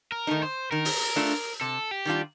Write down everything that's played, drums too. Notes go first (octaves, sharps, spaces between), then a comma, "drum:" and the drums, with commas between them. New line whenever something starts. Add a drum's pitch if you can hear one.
A#4
D#3 A3 D#4
C5
D#3 A#4
drum: open hi-hat
A3 D4 F4
C3 A4
G4
D#3 G3 D4 F4